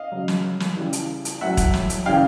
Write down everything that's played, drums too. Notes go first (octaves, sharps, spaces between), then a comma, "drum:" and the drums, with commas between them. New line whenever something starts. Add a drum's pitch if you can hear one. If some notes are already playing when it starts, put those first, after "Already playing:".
Already playing: D#5 F5
C#3 F#3
drum: snare
drum: snare
C#3 E3 G3
drum: hi-hat
drum: hi-hat
A2 F#3 E5 F#5
drum: kick E1, hi-hat
drum: snare
drum: hi-hat
C#3 E3 G3 F5 G5